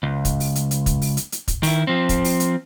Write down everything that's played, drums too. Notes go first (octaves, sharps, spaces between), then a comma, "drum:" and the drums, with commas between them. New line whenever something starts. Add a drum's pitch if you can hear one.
C#2
drum: kick, hi-hat
drum: open hi-hat
drum: hi-hat
drum: hi-hat
drum: kick, hi-hat
drum: open hi-hat
drum: hi-hat
drum: hi-hat
drum: kick, hi-hat
D#3 E4, drum: open hi-hat
F3 C4
drum: kick, hi-hat
drum: open hi-hat
drum: hi-hat